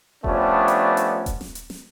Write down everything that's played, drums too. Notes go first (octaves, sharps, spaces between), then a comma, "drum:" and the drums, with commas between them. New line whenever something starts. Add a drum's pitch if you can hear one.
F3 G3 A3 B3 C#4 D4, drum: kick D#1
drum: hi-hat
drum: hi-hat
drum: kick D#1, hi-hat
drum: snare
drum: hi-hat
drum: snare